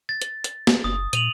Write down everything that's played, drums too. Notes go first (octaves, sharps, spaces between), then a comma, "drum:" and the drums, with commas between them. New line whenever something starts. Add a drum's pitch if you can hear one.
A6
drum: hi-hat
drum: hi-hat
drum: snare
F#1 D#6
A#2 D#7 F7 F#7, drum: hi-hat